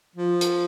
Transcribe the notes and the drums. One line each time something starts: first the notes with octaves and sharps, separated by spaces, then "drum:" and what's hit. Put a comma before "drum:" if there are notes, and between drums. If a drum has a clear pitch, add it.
F3
drum: hi-hat